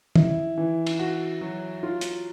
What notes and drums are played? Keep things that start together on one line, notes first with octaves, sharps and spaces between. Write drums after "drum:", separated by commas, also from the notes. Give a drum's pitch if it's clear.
E4, drum: tom
E3
drum: cymbal
F#4
F#3
F4
drum: hi-hat